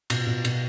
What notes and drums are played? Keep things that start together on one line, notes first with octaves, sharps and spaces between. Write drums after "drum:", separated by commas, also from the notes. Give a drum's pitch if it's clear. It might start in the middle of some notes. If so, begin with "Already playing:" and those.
B2, drum: cymbal
B2
B2, drum: cymbal